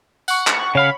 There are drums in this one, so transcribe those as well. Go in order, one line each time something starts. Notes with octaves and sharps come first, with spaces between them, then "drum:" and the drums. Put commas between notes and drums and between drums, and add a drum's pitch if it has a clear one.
F#5 C#6, drum: tambourine
drum: clap
C#3 C#5 F5 B5